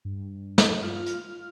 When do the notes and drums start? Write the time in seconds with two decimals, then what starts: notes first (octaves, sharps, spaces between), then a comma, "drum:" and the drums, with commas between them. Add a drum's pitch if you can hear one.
0.05 G2
0.58 drum: snare
0.82 F4 F6
1.06 drum: hi-hat